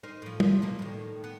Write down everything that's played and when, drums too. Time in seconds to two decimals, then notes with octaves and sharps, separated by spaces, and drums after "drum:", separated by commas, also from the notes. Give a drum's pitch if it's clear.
0.03 D#4 A#4 C5
0.22 A2 F3
0.40 F3, drum: tom
0.62 B2 F3 A#3
0.79 A2 D#3
1.24 B3